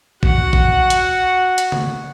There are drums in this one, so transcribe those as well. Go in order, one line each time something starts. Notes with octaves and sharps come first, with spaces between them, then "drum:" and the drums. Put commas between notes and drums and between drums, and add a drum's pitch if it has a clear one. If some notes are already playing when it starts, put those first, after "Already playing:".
F#4 F#5, drum: kick A1
drum: kick A1
drum: hi-hat
drum: hi-hat
drum: tom